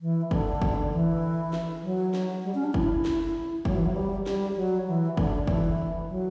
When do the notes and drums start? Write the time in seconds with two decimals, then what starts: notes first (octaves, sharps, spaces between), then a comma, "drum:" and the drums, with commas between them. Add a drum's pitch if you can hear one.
0.01 E3
0.31 D3, drum: kick F#1
0.62 drum: kick F#1
0.92 E3
1.53 drum: snare
1.83 F#3
2.14 drum: snare
2.44 G3
2.55 C#4
2.64 D4
2.74 E4, drum: kick F#1
3.05 drum: snare
3.65 F#3, drum: kick F#1
3.75 E3
3.86 F#3
3.96 G3
4.26 G3, drum: snare
4.56 F#3
4.87 E3
5.17 D3, drum: kick F#1
5.47 E3, drum: kick F#1
6.09 F#3